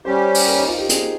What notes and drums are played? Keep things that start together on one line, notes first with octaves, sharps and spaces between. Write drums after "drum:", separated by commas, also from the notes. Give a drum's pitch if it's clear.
G3 C#4 G4 C5
drum: open hi-hat
A#4
D#4
F4
G4
G#4, drum: hi-hat